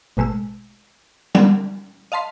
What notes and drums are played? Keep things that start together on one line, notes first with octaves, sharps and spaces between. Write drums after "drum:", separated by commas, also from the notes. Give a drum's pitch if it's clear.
A1 B2 G#3 A3 E6
D3 B3, drum: tom G3
D#5 F5 A5 C6 B6